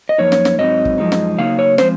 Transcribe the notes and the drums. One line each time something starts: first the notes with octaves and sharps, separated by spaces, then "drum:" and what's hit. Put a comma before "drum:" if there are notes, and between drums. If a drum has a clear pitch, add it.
D#5
F#2 F3 A#3 D#4 C#5
drum: snare
drum: snare
G#2 F#3 C4 D#4 D#5
drum: kick
F#2 F3 G#3 D#4
drum: snare
C#3 F#3 A#3 D#4 F5
C#5
F3 G#3 C4 C5, drum: snare